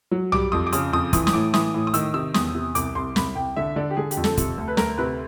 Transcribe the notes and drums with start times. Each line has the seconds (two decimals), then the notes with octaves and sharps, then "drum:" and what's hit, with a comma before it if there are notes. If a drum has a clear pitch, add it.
0.11 F#3
0.32 G3 D6, drum: tom B1
0.52 F2 D#6
0.67 D6
0.73 C#3 D#6, drum: hi-hat
0.93 F2 D#6
1.13 E3 D#6, drum: kick, hi-hat
1.27 D#6, drum: snare
1.33 A2 D6
1.54 E3 D#6, drum: snare
1.74 A2
1.87 D#6
1.94 D#3 E6, drum: hi-hat
2.14 C3 E6
2.34 E2 D#6, drum: snare
2.55 C3
2.75 C2 D6, drum: hi-hat
2.95 C2 C6
3.16 C2 B5, drum: snare
3.35 C2 G5
3.56 D3 E5
3.76 D3 D5
3.90 G4
3.97 D3 G#4
4.11 G4, drum: hi-hat
4.17 F2
4.24 A4, drum: snare
4.37 C3, drum: kick, hi-hat
4.58 D2
4.68 B4
4.77 D2 A#4, drum: snare
4.98 C3 B4